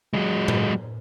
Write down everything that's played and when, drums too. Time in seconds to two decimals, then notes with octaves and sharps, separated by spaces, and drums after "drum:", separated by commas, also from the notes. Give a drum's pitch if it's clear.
0.14 F#3 G#3
0.48 drum: tom A2